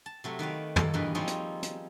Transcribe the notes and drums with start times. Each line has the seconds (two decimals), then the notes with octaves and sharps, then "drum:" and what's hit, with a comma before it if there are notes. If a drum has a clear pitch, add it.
0.06 A5
0.24 C3 F#3 A3
0.39 D#3 B4 D5 F5
0.76 A#3 A4, drum: tom
0.94 E2 G2 B2 A#3 B4
1.15 F3 G3 C4 D#4 G#4 C#5
1.27 drum: hi-hat
1.63 drum: hi-hat